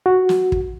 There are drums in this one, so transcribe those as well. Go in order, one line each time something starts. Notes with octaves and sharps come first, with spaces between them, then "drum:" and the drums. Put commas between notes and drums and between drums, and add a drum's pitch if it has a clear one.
F#4
drum: snare
drum: kick